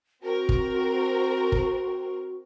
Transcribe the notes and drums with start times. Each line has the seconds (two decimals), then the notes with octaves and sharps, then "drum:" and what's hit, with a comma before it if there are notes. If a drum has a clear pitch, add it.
0.23 C4 F#4 A#4
0.49 drum: kick
1.52 drum: kick